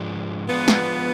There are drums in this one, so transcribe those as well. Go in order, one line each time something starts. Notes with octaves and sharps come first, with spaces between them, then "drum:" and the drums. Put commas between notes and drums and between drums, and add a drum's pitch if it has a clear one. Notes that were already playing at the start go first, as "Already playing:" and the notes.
Already playing: G#2 F3 G#3 D4
F3 G#3 B3 D4 F4
drum: snare